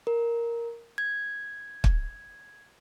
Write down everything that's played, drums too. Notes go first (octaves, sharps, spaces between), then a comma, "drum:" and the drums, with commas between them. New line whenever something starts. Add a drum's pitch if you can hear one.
A#4
G#6
drum: kick